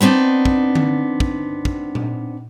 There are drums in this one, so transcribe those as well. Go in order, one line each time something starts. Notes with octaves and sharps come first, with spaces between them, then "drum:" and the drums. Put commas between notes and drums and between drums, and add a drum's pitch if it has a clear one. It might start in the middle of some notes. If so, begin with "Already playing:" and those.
B3 C4 D4 D#4
drum: kick
drum: tom D3
drum: kick
drum: kick
drum: tom A#2